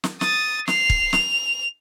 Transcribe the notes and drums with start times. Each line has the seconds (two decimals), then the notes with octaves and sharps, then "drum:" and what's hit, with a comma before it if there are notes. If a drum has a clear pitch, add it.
0.04 drum: snare
0.21 D#6 A6, drum: snare
0.68 C7 F7, drum: snare
0.90 drum: kick
1.13 F7, drum: snare